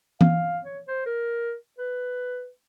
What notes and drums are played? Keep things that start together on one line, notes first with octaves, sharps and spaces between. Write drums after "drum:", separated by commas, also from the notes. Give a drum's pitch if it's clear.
F5, drum: tom
C#5
C5
A#4
B4